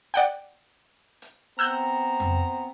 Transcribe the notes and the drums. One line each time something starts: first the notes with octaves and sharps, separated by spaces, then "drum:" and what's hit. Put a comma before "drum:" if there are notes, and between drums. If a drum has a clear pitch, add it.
D5 F#5 G5
drum: hi-hat
B3 C4 A#5 E6 F#6 G6
drum: tom F2